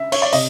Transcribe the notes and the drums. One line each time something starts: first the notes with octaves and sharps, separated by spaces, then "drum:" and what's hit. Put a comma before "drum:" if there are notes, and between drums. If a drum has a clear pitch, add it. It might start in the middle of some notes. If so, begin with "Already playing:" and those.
Already playing: C#3 E5
C#5, drum: cymbal
D5
C3 D#5, drum: open hi-hat